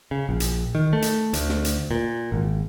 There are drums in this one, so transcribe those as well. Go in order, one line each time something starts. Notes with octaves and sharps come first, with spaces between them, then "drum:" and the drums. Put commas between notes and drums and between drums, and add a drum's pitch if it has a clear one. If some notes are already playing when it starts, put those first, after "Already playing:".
C#3
A#1
drum: hi-hat
D#3
A3
drum: hi-hat
D2, drum: hi-hat
drum: snare
drum: hi-hat
A#2
G#1